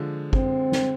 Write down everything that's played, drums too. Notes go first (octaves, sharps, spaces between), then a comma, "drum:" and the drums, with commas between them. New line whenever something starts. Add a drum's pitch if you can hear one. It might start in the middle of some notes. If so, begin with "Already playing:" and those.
Already playing: D3 F3 G#3
C4, drum: kick
drum: snare